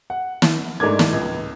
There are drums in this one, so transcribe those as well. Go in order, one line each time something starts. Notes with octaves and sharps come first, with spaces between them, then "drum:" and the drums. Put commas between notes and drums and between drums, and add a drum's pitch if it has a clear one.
F#5
drum: snare
G#2 A3 D4 A#4 D6 G#6
drum: snare
C#2